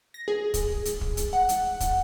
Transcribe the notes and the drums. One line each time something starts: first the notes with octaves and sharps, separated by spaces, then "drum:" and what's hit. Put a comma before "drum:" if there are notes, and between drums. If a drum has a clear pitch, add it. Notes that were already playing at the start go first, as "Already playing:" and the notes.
A#6
G#4
drum: kick, hi-hat
drum: hi-hat
drum: kick
drum: hi-hat
F#5
drum: hi-hat
drum: kick, hi-hat